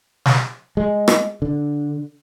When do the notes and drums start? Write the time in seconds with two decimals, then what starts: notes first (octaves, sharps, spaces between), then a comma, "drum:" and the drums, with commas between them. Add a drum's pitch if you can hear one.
0.25 drum: snare
0.77 G#3
1.08 drum: rim click
1.42 D3